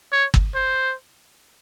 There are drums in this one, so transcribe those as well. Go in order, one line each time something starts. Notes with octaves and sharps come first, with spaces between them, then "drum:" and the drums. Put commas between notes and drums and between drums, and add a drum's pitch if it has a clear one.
C#5
drum: kick G1
C5